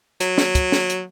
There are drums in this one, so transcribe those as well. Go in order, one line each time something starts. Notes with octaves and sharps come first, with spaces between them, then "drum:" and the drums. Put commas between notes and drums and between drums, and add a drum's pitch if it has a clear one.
F#3, drum: hi-hat
drum: snare
drum: kick, hi-hat
drum: snare
drum: hi-hat